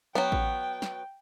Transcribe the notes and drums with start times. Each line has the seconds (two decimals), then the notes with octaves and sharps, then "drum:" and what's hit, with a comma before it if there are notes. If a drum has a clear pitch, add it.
0.15 F#3 B3 G5, drum: snare
0.32 drum: kick A1
0.82 drum: snare